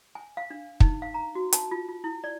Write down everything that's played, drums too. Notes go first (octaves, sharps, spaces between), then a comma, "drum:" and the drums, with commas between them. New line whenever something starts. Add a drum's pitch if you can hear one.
G#5
F5
D4
D#4, drum: kick
F5
A#5
F#4
A5, drum: hi-hat
F4
F4
E4
D5